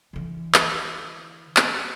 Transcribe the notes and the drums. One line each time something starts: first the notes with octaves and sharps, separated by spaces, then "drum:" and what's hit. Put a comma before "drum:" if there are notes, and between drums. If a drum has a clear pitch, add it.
D3 E3
drum: clap
drum: clap